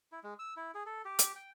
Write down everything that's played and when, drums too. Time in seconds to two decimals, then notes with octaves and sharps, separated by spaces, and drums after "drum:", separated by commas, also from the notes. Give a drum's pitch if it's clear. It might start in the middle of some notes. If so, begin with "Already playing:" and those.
0.12 E4
0.23 G#3
0.39 E6
0.57 E4
0.75 G#4
0.86 A4
1.05 G4
1.19 drum: hi-hat
1.35 G5